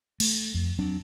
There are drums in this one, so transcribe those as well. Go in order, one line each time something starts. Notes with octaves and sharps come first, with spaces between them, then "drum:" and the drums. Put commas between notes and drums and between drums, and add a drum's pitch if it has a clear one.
A3, drum: cymbal
F2
F#3 C4 D4